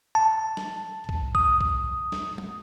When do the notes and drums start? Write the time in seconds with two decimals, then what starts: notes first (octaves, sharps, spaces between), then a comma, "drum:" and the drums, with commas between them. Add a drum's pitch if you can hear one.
0.15 A5
0.57 drum: snare
1.09 drum: kick C2
1.35 D#6, drum: kick C2
1.61 drum: kick C2
2.12 drum: snare
2.38 drum: tom F#3